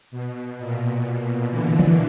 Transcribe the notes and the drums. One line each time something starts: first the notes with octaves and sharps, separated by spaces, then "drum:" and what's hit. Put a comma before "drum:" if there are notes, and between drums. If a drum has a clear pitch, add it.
B2
A#2
B2
D3 E3
drum: tom E3